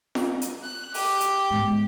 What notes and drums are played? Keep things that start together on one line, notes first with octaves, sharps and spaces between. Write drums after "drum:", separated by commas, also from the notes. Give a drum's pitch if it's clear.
drum: snare F4
drum: hi-hat
F#6
G4, drum: open hi-hat
drum: hi-hat
G#2 B3